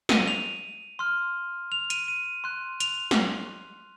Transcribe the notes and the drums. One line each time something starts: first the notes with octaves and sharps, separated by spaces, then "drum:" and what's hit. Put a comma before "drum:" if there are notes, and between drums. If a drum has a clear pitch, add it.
D#7, drum: snare
F7
C6 F6
F7
D#7, drum: hi-hat
D#7
C6 F#6
F7, drum: hi-hat
drum: snare